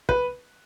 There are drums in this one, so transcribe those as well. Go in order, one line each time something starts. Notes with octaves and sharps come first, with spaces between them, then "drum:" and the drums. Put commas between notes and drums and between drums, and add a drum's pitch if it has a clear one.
B4, drum: kick